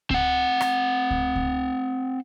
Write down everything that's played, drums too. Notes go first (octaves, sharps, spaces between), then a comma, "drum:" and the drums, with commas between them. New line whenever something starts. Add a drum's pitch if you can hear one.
C4 F#5, drum: kick C#2
drum: rim click
drum: kick C#2
drum: kick C#2